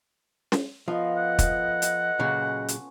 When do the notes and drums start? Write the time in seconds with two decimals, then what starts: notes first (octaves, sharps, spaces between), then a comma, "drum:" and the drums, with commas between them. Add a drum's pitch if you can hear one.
0.52 drum: snare
0.88 F3 B3 F4 A4 D#5
1.17 F#5
1.39 drum: kick, hi-hat
1.82 drum: hi-hat
2.19 A#2 C#3 F#3 C#4
2.68 drum: hi-hat